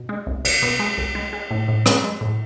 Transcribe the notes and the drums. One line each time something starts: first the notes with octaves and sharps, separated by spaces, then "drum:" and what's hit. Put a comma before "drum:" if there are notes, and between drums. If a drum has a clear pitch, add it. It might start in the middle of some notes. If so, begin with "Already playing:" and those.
Already playing: B2
G#3
C2
C2, drum: cymbal
B2
G#3
C2
G#3
G#3
A2
A2
G#3, drum: rim click
G#3
A2